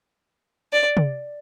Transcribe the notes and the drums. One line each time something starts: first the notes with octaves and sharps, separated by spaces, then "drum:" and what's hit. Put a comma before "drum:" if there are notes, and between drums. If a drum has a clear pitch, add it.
D5
drum: tom